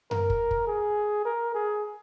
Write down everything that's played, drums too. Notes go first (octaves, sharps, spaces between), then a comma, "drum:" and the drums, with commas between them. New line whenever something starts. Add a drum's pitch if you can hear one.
A#4, drum: tom F#2
drum: kick
drum: kick
G#4
A#4
G#4